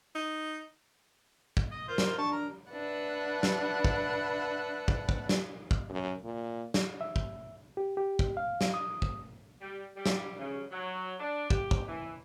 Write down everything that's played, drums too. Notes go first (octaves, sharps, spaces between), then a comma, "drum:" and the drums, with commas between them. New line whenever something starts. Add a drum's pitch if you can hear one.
D#4
drum: kick
D#5
F4 A#4 C5
drum: snare
D4 A5 C#6
A#4
D4 B4 E5 F#5
drum: snare
drum: kick
drum: kick
drum: kick
drum: snare
drum: kick
F#2
A#2
drum: snare
E5
drum: kick
G4
G4
drum: kick
F5
drum: snare
D#6
drum: kick
G3
G3
drum: snare
C#3
F#3
D4
G4, drum: kick
drum: kick
E3